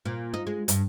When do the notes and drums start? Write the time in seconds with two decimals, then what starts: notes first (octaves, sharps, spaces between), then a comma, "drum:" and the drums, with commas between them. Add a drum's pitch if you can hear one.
0.05 A#2
0.34 D#4
0.47 G#3
0.68 G2, drum: hi-hat